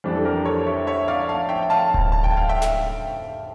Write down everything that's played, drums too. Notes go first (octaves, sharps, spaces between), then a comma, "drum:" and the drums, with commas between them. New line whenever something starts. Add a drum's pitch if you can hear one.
F2 E3 G3 D4
A4
G4 A#4
A4 C#5
C#5 E5
C#5 E5
D5 F5
F5 A5
E5 G5
G5
F5 A5
drum: kick D1
A5
G5
F5
E5 G5
drum: snare